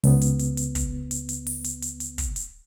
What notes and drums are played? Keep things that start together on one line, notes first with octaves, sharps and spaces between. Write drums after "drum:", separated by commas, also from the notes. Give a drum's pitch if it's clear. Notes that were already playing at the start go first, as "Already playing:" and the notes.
C#2 B3, drum: open hi-hat
drum: hi-hat
drum: hi-hat
drum: hi-hat
drum: kick, hi-hat
drum: hi-hat
drum: hi-hat
drum: open hi-hat
drum: hi-hat
drum: hi-hat
drum: hi-hat
drum: kick, hi-hat
drum: hi-hat